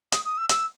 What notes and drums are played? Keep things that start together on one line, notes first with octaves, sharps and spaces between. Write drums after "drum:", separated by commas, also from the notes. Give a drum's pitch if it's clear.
D#6, drum: hi-hat
D#6
E6
E6, drum: hi-hat